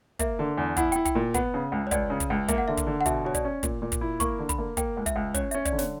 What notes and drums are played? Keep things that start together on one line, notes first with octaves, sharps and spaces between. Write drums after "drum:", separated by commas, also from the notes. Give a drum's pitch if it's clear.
A#3 E5, drum: kick, hi-hat
D3
E2
E4 F#5, drum: kick, hi-hat
E4 G5, drum: hi-hat
G5, drum: kick, hi-hat
A#2
B3 F#5, drum: kick, hi-hat
C#3
C#2
C#5
C#2 D5, drum: kick, hi-hat
C#3
drum: kick, hi-hat
C#2
A#3 E5, drum: kick, hi-hat
F#5
D3 E5
drum: kick, hi-hat
D3
F#5
B2 E5, drum: kick, hi-hat
B2 C#5
D5, drum: kick, hi-hat
C#4
A#2, drum: kick, hi-hat
A#2
drum: kick, hi-hat
E4
A#3 C#6, drum: kick, hi-hat
D3
B5, drum: kick, hi-hat
A#3
A#3 G5, drum: kick, hi-hat
C#2
E5, drum: kick, hi-hat
C#2
C#4 C#5, drum: kick, hi-hat
C#4 E5, drum: hi-hat
D5, drum: kick, hi-hat
D3
C#5, drum: snare